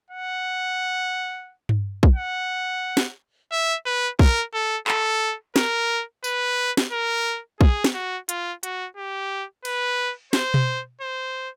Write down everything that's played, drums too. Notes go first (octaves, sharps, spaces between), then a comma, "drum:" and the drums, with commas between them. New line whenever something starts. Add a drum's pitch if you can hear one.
F#5
drum: tom G2
drum: kick
F#5
drum: snare
E5
B4
A#4, drum: kick
A4
A4, drum: clap
A#4, drum: snare
B4, drum: tambourine
drum: snare
A#4
G#4, drum: kick
drum: snare
F#4
F4, drum: hi-hat
F#4, drum: hi-hat
G4
B4, drum: cymbal
C5, drum: snare
drum: tom B2
C5